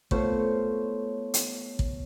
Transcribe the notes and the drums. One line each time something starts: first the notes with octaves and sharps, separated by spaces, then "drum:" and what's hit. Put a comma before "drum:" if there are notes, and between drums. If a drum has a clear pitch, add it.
A3 B3 F4 C5 C#5, drum: kick
drum: hi-hat
drum: kick